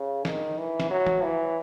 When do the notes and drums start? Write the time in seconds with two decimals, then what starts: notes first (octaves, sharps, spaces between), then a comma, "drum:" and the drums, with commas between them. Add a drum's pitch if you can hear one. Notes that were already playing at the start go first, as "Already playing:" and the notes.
Already playing: C#3
0.25 D#3, drum: snare
0.58 E3
0.80 drum: snare
0.90 F#3
1.07 drum: tom
1.23 E3